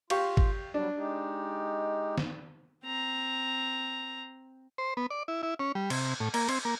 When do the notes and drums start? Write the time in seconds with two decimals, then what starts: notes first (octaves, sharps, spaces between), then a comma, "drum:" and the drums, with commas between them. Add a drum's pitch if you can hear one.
0.10 F4 G4 F5 C#6, drum: cymbal
0.37 drum: kick G#1
0.74 F#3 G3 D4
0.96 G#3 D#4 G4
2.18 drum: snare
2.85 C4 A#5
4.78 C5
4.97 B3
5.10 D5
5.28 E4
5.43 E4
5.59 C#4
5.75 G3
5.90 C3, drum: cymbal
6.20 A2
6.34 A#3, drum: cymbal
6.49 C4, drum: cymbal
6.65 A#3